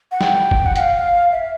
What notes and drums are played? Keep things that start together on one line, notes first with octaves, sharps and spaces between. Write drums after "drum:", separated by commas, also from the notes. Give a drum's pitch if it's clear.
F#5
G5, drum: snare G3
drum: kick
F#5
F#5, drum: hi-hat
F5
E5